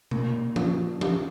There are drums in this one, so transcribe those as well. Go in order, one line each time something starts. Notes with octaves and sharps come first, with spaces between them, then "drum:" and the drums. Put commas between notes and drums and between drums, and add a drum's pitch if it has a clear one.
A#2, drum: tom B2
F3, drum: tom E3
G4, drum: tom E3